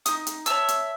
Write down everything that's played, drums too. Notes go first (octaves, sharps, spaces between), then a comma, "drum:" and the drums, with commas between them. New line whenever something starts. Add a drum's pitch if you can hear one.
D#4 D#6, drum: hi-hat
drum: hi-hat
C#5 E5 A5 E6, drum: hi-hat
drum: hi-hat